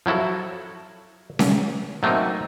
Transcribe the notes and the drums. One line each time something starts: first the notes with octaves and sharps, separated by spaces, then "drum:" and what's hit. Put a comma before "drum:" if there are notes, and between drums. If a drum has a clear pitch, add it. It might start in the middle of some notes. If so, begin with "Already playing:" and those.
F3 F#3 E4 F#4 A4
drum: snare C#4
F#3 A3 A#3 C4 D#4